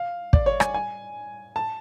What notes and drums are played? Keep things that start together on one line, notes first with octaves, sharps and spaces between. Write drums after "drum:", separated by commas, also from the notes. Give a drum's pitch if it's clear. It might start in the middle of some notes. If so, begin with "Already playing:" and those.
Already playing: F5
D5, drum: kick
C#5
G#5, drum: rim click
G#5
A5